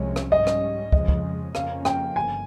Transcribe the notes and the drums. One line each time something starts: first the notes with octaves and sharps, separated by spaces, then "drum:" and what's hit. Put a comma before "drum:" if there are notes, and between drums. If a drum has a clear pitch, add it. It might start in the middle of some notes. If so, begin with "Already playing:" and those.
Already playing: C2 C3 F3 G#3 C#4 C#5
drum: rim click
G#2 G3 C#4 D#5
drum: rim click
F2 C#3 F3 G#3 D#5, drum: kick
drum: kick
F2 C#3 F3 A#3 C#4 F5, drum: rim click
G5, drum: rim click
G1 G#5